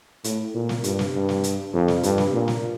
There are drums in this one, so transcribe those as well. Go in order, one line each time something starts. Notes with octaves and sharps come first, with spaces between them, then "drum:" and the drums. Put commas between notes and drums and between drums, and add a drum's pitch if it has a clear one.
A2, drum: hi-hat
A#2
drum: snare
G2, drum: hi-hat
drum: snare
G2
drum: snare
drum: hi-hat
F2
drum: snare
G2, drum: hi-hat
drum: snare
A#2
drum: snare